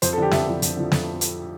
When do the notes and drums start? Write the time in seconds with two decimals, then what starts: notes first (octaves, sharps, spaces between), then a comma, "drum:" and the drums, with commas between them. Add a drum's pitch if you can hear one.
0.02 F2 C5, drum: hi-hat
0.13 A4
0.18 D3 F3 G4
0.31 F2 E5, drum: snare
0.46 D3 F3
0.62 F2, drum: hi-hat
0.77 D3 F3
0.92 F2, drum: snare
1.21 drum: hi-hat